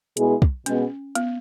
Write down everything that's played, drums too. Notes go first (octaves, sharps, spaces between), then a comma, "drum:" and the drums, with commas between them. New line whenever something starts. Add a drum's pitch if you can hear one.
B2 G#3 B3 E4 G#4, drum: hi-hat
drum: kick
B2 G#3 B3 C#4, drum: hi-hat
B3, drum: hi-hat